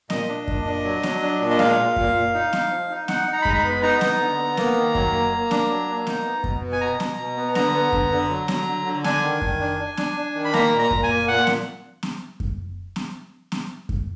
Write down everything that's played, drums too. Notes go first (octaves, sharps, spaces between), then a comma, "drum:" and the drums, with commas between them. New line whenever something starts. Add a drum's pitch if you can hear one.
A#2 D#5, drum: snare
D4
A#2, drum: kick F#2
D4
F#3
F#3, drum: snare
D4
A#2
D#5
G#3 F5, drum: snare
A#2
A#2, drum: kick F#2
A#2
D#4
D#4, drum: snare
F3
D#4
D#4 F#5, drum: snare
D#4
A#5
B5
G#3 A#5, drum: kick F#2
B5
B3
D#4 A#5
B3, drum: snare
D3
B3
A#3, drum: snare
D#3
F#3, drum: kick F#2
A#3
A#3
D4, drum: snare
F#3
A#3
D#4, drum: snare
B3
B2, drum: kick F#2
B3
G#5
B2 A#5
B2, drum: snare
B2
B3
D3 A#5, drum: snare
B3
D3, drum: kick F#2
D3
F#3
F#3, drum: snare
D3
D3
D4 G#5, drum: snare
D#3
D#3, drum: kick F#2
D4
D4
D4, drum: snare
D4
D#3
B5
A#3 A#5, drum: snare
A#2
A#5
A#2, drum: kick F#2
G#5
A#3
A#2 F#5
drum: snare
drum: snare
drum: kick F#2
drum: snare
drum: snare
drum: kick F#2